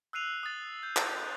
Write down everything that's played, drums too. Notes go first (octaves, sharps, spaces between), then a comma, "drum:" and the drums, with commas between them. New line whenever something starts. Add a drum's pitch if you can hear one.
E6 F#6 C7 D#7 F7
D#6 A6
G6
drum: clap